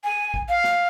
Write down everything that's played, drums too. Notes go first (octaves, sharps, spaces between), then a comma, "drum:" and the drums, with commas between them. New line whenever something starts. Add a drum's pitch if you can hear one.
G#5
drum: kick A1
F5
drum: snare